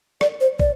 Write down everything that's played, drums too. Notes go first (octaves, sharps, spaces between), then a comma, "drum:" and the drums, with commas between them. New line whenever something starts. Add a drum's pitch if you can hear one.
D5, drum: rim click
C5
D5, drum: kick